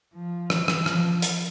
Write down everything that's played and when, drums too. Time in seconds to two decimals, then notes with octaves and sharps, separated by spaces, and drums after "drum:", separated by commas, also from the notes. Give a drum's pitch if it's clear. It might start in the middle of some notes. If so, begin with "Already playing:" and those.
0.14 F3
0.50 E3, drum: rim click
0.68 drum: rim click
0.86 F3, drum: rim click
1.22 drum: hi-hat